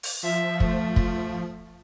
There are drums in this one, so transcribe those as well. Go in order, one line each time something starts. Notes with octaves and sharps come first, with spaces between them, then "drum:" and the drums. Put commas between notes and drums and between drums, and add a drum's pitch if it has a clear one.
drum: open hi-hat
F3 E5
A3, drum: kick
drum: kick